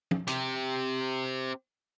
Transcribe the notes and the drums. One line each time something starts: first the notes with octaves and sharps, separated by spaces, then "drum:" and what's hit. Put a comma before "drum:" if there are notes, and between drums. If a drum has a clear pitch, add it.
drum: tom
C4 G4, drum: hi-hat